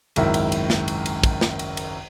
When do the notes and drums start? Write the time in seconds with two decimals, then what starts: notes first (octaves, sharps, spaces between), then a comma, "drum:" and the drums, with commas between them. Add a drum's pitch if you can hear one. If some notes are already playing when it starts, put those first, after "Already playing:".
0.16 G#1 C#2 F#2 D#3 E4 E5, drum: cymbal
0.34 drum: cymbal
0.52 drum: cymbal
0.70 drum: snare
0.88 drum: cymbal
1.06 drum: cymbal
1.23 drum: kick, cymbal
1.41 drum: snare
1.59 drum: cymbal
1.77 drum: cymbal